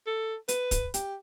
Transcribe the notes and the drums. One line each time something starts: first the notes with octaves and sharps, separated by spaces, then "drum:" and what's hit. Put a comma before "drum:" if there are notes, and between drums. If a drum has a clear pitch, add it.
A4
B4, drum: hi-hat
drum: kick, hi-hat
G4, drum: hi-hat